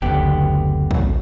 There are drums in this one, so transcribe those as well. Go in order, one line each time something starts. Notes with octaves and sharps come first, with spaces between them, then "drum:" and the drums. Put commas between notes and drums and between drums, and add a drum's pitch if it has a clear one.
F#1 D2 D3 B3 G4
drum: kick